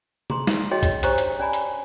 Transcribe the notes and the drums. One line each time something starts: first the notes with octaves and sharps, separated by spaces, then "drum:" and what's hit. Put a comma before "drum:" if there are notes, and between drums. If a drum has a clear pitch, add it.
G#4 A#5 C6, drum: tom C3
drum: snare G#3
F#4 G#4 C#5 D#5 G5 C6
drum: kick B1, hi-hat
D4 G4 C5 C#5 A#5 C#6, drum: hi-hat
drum: hi-hat
C#4 D5 G#5 A#5 B5
drum: hi-hat